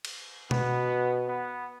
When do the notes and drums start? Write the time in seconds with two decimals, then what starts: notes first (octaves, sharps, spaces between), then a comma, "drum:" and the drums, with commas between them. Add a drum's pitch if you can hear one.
0.05 drum: cymbal
0.51 B2 B3, drum: tom B2
1.28 B3